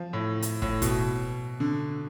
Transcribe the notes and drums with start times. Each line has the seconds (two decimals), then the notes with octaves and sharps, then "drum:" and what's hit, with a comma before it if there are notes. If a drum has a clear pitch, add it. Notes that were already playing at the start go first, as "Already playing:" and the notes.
Already playing: F3
0.13 A2
0.42 drum: hi-hat
0.62 A2, drum: kick
0.82 B2, drum: kick, hi-hat
1.60 D3